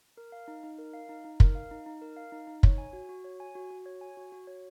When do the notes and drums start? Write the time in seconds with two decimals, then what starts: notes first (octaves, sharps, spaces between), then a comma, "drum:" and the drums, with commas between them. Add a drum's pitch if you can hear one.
0.17 A#4
0.32 F5
0.48 D#4
0.63 D#4
0.78 A#4
0.93 F5
1.09 D#4
1.25 D#4
1.40 A#4, drum: kick
1.55 F5
1.71 D#4
1.86 D#4
2.02 A#4
2.17 F5
2.32 D#4
2.47 D#4
2.63 C#5, drum: kick
2.78 G#5
2.93 F#4
3.09 F#4
3.24 C#5
3.40 G#5
3.55 F#4
3.71 F#4
3.86 C#5
4.01 G#5
4.17 F#4
4.32 F#4
4.47 C#5